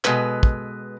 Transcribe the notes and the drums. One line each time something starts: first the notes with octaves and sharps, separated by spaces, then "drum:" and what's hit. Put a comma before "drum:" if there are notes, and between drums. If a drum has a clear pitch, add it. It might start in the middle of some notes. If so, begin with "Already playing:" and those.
B2 G#3 A4 B4, drum: clap
drum: kick